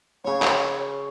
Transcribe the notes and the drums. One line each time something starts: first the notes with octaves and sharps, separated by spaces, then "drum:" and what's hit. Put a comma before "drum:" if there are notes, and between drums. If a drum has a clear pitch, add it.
C#3 C#5 C#6
drum: clap